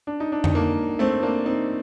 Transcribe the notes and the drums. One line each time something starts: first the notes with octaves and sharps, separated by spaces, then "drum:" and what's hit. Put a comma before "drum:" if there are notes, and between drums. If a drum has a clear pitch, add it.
D4
D#4
D4
D#4, drum: tom F2
A#3 D4
A3 C4
A#3 D4
C4 D#4